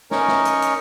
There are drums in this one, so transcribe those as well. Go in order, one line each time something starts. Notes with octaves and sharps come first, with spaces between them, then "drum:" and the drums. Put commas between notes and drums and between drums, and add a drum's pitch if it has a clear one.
C#4 D#4 A#4 C#5, drum: snare
drum: snare
drum: hi-hat
drum: hi-hat